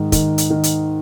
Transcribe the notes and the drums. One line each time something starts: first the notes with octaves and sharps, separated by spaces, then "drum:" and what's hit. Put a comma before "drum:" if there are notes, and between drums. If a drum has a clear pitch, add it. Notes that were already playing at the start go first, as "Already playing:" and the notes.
Already playing: G#2 D#3
D#3, drum: kick, hi-hat
drum: hi-hat
D#3
drum: hi-hat